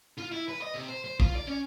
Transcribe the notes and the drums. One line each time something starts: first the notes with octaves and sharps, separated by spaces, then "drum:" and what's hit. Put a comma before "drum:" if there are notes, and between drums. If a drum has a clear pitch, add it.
F4
E4
B4
D#5
C3
C5
C5
F4, drum: kick
D5
C#4